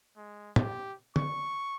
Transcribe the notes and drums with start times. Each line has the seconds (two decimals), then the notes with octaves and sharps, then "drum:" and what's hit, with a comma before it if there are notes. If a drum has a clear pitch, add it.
0.17 G#3
0.56 G4, drum: tom
1.16 C#6, drum: tom D3